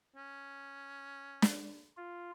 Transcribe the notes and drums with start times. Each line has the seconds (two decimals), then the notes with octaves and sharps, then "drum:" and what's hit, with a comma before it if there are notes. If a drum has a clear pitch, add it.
0.16 C#4
1.42 drum: snare
1.97 F4